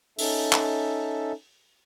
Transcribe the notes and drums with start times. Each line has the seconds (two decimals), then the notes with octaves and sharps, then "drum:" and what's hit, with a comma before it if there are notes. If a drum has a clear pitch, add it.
0.19 C#4 D#4 A4 E5, drum: open hi-hat
0.53 drum: clap